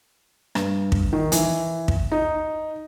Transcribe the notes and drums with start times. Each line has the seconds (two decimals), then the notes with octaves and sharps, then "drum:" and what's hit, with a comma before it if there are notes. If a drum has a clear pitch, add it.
0.55 G2, drum: rim click
0.92 drum: kick
1.13 D#3
1.32 E3, drum: hi-hat
1.88 drum: kick
2.12 D#4